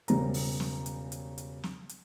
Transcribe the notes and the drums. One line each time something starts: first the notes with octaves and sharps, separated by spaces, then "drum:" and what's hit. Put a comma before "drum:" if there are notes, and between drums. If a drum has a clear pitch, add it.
E1 C#3 G3 C5 A#5, drum: hi-hat
drum: open hi-hat
drum: snare
drum: hi-hat
drum: hi-hat
drum: hi-hat
drum: snare
drum: hi-hat